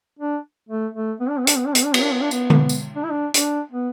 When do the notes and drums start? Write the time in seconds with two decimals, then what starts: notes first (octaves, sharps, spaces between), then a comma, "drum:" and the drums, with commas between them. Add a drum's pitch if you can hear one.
0.19 D4
0.69 A3
0.95 A3
1.20 B3
1.29 D4
1.39 B3
1.47 D4, drum: hi-hat
1.57 B3
1.67 D4
1.75 B3, drum: hi-hat
1.85 D4
1.94 B3, drum: cymbal
2.03 D4
2.13 B3
2.21 D4
2.31 B3, drum: tambourine
2.50 drum: tom D3
2.69 drum: tambourine
2.96 D4
3.04 E4
3.10 D4
3.34 D4, drum: hi-hat
3.72 B3